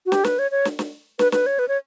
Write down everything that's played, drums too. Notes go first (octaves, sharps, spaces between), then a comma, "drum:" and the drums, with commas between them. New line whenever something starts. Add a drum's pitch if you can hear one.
F#4
G4, drum: snare
B4, drum: snare
C#5
C#5
drum: snare
drum: snare
B4, drum: snare
B4, drum: snare
C#5
B4
C#5